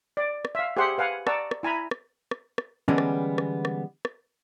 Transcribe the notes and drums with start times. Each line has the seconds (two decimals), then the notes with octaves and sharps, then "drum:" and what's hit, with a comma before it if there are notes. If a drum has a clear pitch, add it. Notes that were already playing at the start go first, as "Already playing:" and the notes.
0.17 D5
0.45 drum: rim click
0.55 E5 F5
0.77 G4 G#4 C5 E5 F#5 C6
0.98 B4 F5 F#5 G#5
1.27 D5 F#5 A5 A#5 C#6 E6, drum: rim click
1.51 drum: rim click
1.63 E4 G#5 A#5 B5
1.91 drum: rim click
2.31 drum: rim click
2.58 drum: rim click
2.88 D3 E3 G3 G#3 B3 C#4
2.98 drum: rim click
3.38 drum: rim click
3.65 drum: rim click
4.05 drum: rim click